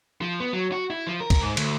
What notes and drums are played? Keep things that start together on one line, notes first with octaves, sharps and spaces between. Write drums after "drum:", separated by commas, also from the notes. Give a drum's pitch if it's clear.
F3
B3
F#3
F#4
E4
F3
A#4
drum: kick, cymbal
G#2
D2, drum: cymbal